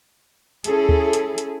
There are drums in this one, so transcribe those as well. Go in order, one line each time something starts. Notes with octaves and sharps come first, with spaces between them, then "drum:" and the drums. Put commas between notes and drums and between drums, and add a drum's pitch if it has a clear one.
C#4 E4 G#4 A4, drum: hi-hat
drum: kick D2
drum: hi-hat
drum: hi-hat